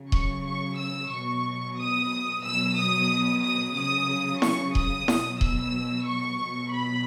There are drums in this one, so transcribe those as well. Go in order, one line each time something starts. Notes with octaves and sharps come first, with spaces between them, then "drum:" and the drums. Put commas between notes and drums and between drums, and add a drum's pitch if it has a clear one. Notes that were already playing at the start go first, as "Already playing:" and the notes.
Already playing: C#3 F#3
C#6, drum: kick D#1
C#6
E6
B2 F#3 C#6
D#6
B2 F#3 E6
D#6
D#6
C#3 F#3 D#6
C#6, drum: snare E4
D#6, drum: kick D#1
B2 F#3, drum: snare E4
E6, drum: kick D#1
C#6
B2 F#3
B5